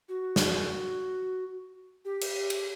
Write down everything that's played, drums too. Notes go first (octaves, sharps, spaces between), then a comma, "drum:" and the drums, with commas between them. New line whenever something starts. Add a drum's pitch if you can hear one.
F#4
drum: snare
G4
drum: cymbal
drum: cymbal